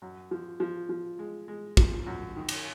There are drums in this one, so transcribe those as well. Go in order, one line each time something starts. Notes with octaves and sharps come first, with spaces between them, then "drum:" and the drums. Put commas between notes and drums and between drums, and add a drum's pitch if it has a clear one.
F#2
F3
F3
F3
G#3
G#3
F3, drum: kick
F#2
D#3
drum: cymbal